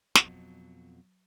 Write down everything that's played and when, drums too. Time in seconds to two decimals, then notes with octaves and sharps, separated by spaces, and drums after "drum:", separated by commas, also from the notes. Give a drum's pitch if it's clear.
0.15 F2 B2 F#3, drum: snare